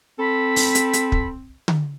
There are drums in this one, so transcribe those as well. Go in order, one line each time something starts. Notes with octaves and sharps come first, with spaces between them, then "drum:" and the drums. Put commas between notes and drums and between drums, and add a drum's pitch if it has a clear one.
C4 A4 B5
drum: open hi-hat
drum: hi-hat
drum: hi-hat
drum: kick
drum: tom D3